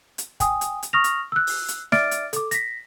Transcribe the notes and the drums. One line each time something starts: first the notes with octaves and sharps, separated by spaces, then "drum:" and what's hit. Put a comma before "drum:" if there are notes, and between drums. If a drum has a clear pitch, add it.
drum: hi-hat
G5 G#5 D#6, drum: kick, hi-hat
drum: hi-hat
drum: hi-hat
C#6 D#6 F6 A#6 F7
drum: hi-hat
E6 F#6
drum: open hi-hat
drum: hi-hat
D5 E5 D6 F6 A6 D7, drum: snare
drum: hi-hat
A4 D6, drum: hi-hat
A#6 B6, drum: hi-hat